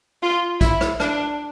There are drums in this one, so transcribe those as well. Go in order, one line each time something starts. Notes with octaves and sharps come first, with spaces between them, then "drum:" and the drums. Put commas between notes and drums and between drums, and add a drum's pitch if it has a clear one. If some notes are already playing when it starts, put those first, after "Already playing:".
F4
E4, drum: kick B1, hi-hat
drum: rim click
D4, drum: rim click